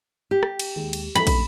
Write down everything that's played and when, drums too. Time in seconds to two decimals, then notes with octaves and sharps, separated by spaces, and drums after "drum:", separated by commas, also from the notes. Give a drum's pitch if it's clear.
0.31 G4
0.43 drum: rim click
0.59 drum: cymbal
0.76 D#2 G#3
0.93 drum: cymbal
1.15 F2 E3 A3 B5
1.27 drum: kick, cymbal